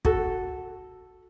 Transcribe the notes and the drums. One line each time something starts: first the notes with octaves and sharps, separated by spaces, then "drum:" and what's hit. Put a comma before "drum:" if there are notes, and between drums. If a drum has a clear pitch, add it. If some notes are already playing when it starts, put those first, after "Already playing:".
F#4 A4, drum: kick